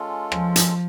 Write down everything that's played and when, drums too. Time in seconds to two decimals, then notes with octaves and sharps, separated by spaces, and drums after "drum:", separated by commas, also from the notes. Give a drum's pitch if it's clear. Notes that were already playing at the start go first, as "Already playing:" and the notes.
Already playing: G#3 C#4 F4 A4
0.32 F3, drum: rim click
0.56 drum: hi-hat